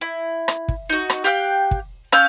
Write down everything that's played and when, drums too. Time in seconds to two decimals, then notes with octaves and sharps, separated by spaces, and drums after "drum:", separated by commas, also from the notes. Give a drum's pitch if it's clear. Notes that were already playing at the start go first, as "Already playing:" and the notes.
0.01 E4
0.48 drum: rim click
0.68 drum: kick
0.89 D#4 F#4
1.10 drum: rim click
1.24 G4 F5 G5 F#6
1.71 drum: kick
2.12 C#4 F5 E6 G6, drum: rim click